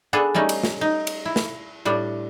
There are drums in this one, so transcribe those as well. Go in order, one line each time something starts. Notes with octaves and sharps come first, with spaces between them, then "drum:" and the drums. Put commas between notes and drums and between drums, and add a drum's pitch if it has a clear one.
B3 D4 G#4 A4
G3 A3 C#4 D#4
drum: cymbal
drum: snare
D#4
drum: cymbal
E4
drum: snare
A2 G3 D4